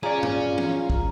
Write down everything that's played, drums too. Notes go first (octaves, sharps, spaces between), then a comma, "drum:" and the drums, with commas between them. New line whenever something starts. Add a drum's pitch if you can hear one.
C#4 F4 G#4 D5 A#5
drum: tom G2
drum: tom
drum: kick